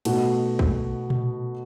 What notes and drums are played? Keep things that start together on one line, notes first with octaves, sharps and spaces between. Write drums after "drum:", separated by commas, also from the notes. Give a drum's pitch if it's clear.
B2 A3 D#4 F#4, drum: cymbal
drum: kick
drum: tom A#2